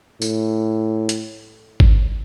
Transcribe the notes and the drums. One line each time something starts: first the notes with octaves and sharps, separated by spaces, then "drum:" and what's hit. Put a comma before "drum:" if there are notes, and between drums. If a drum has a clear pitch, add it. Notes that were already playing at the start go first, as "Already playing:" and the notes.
A2, drum: tambourine
drum: hi-hat
drum: kick G#1